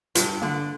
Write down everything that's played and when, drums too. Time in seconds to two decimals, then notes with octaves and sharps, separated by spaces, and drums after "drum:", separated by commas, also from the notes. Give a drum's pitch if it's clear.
0.15 G2 F4, drum: hi-hat
0.42 D3 A#3